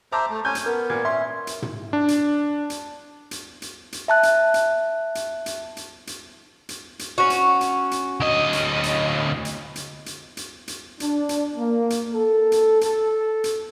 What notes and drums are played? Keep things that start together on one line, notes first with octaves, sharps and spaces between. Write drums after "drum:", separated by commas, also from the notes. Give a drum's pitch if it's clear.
C5 E5 A5 A#5 D6
A3
C#4 G#5 G6
drum: hi-hat
B3 A#4
A#2 G#6
C#4 E5 C6 G#6
drum: hi-hat
drum: tom
D4
drum: hi-hat
drum: hi-hat
drum: hi-hat
drum: hi-hat
drum: hi-hat
E5 A5 F#6
drum: hi-hat
drum: hi-hat
drum: hi-hat
drum: hi-hat
drum: hi-hat
drum: hi-hat
drum: hi-hat
drum: hi-hat
C#4 F#4
drum: hi-hat
drum: hi-hat
drum: hi-hat
D2 D#5
drum: hi-hat
drum: hi-hat
drum: hi-hat
drum: hi-hat
drum: hi-hat
drum: hi-hat
drum: hi-hat
D4, drum: hi-hat
drum: hi-hat
A#3
drum: hi-hat
A4
drum: hi-hat
A4, drum: hi-hat
drum: hi-hat